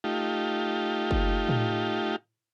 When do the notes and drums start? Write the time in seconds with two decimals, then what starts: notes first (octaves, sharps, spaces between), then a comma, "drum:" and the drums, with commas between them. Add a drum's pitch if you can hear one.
0.04 A3 D#4 F4 G4
1.11 drum: kick F#1
1.49 drum: tom